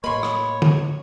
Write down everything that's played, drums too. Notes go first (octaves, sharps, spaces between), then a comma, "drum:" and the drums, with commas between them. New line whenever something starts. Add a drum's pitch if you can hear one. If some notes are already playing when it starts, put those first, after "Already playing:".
A2 A#3 B4 C#5 D#5 B5 C6
drum: rim click
drum: tom